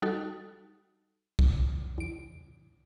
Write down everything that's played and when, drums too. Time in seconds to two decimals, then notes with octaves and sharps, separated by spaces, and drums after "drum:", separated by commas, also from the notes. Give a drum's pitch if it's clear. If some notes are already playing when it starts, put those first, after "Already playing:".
0.02 G3 D#4 F#4 A4
1.39 drum: kick C2
1.98 E2 D7